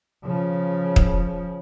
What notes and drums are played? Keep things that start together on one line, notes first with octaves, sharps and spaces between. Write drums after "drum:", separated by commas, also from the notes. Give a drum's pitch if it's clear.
C#3 F3
drum: kick